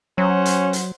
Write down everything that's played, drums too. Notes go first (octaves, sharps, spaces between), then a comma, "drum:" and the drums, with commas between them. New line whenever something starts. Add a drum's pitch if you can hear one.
F#3 C#4 C5 F#5
drum: hi-hat
drum: hi-hat